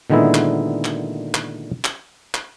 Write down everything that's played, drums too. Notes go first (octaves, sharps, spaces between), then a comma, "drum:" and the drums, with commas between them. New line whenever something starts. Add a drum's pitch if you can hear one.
A#2 D3 D#3 G#3 B3 E4
drum: clap
drum: clap
drum: clap
drum: clap
drum: clap